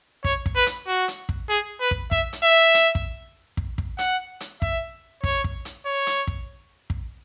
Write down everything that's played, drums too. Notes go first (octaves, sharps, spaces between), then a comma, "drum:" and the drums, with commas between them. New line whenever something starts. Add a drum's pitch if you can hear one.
C#5, drum: kick
drum: kick
B4
drum: hi-hat
F#4
drum: hi-hat
drum: kick
G#4
B4
drum: kick
E5, drum: kick
drum: hi-hat
E5
drum: hi-hat
drum: kick
drum: kick
drum: kick
F#5, drum: hi-hat
drum: hi-hat
E5, drum: kick
C#5, drum: kick
drum: kick
drum: hi-hat
C#5
drum: hi-hat
drum: kick
drum: kick